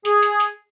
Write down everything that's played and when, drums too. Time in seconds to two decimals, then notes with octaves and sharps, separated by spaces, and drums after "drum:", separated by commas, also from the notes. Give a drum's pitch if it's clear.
0.05 G#4, drum: hi-hat
0.23 drum: hi-hat
0.40 drum: hi-hat